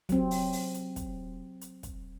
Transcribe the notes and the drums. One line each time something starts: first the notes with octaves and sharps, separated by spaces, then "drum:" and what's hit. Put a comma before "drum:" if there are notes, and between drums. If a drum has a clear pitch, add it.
F#3 C4, drum: kick, hi-hat
drum: open hi-hat
drum: open hi-hat
drum: hi-hat
drum: kick, hi-hat
drum: hi-hat
drum: kick, hi-hat